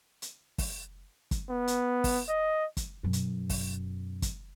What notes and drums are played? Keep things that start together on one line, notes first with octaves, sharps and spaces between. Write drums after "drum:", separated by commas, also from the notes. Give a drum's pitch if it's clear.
drum: hi-hat
drum: kick, open hi-hat
drum: kick, hi-hat
B3
drum: hi-hat
drum: kick, open hi-hat
D#5
drum: kick, hi-hat
F#2 B2
drum: hi-hat
drum: kick, open hi-hat
drum: kick, hi-hat